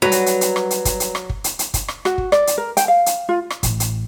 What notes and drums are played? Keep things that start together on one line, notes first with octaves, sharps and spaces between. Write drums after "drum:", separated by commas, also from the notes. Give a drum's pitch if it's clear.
F#3 G3 F#4 B4
drum: hi-hat
drum: hi-hat
drum: hi-hat
drum: rim click
drum: hi-hat
drum: kick, hi-hat
drum: hi-hat
drum: rim click
drum: kick
drum: hi-hat
drum: hi-hat
drum: kick, hi-hat
drum: rim click
F#4, drum: rim click
drum: kick
D5, drum: rim click
drum: hi-hat
A#4
G5, drum: hi-hat
F5
drum: hi-hat
F4
drum: rim click
A1, drum: kick, hi-hat
drum: hi-hat